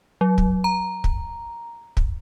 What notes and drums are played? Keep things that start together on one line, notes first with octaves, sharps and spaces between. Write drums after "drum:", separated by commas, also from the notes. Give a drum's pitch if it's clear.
F#3
drum: kick
A#5
drum: kick
drum: kick